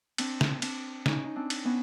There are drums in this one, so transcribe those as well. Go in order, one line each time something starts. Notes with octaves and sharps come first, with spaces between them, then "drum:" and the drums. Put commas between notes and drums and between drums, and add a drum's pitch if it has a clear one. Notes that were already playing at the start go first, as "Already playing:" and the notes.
C4 D4, drum: cymbal
drum: snare
C4 D4, drum: cymbal
C#4 D#4, drum: snare
D#4
C4 D4
drum: cymbal
B3 C#4